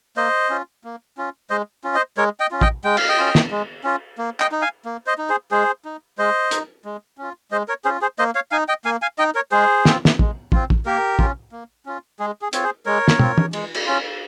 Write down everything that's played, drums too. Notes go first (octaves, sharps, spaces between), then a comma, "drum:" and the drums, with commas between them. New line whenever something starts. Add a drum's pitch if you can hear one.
A#3 C5 D#5
C#4 F4
A#3
C#4 F4
G#3 C5 D#5
C#4 F4
C5 D#5
G#3 A#4 C#5
D#5 G5
C#4 F4
D#5 G5, drum: kick
G#3 G5
F5, drum: cymbal
D#5 G5
C#4 F4
drum: snare
G#3
C#4 F4
A#3
D#5 G5, drum: clap
D#4
F5 G#5
A#3
C5 D#5
D#4
G#4 C5
G#3 G#4 C5
D#4
G#3 C5 D#5
D#4, drum: hi-hat
G#3
C#4 F4
G#3 C5 D#5
A#4 C#5
C#4 F4 G#4 C5
G#4 C5
A#3 C5 D#5
C#5 F5
D#4 F5 G#5
D#5 G5
A#3 F5 G#5
F5 G#5
D#4 D#5 G5
A#4 C#5
G#3 G#4 C5
C4 F4, drum: snare
drum: snare
G#3, drum: kick
C4 F4, drum: kick
drum: kick
A#3 G4 A#4
C#4 F4, drum: kick
A#3
C#4 F4
G#3 G#4
G#4
C4 F4 C#5, drum: hi-hat
G#4 C5
G#3 A#4 C#5
drum: snare
C4 F4, drum: tom
drum: tom
G#3, drum: cymbal
drum: cymbal
C#4 F4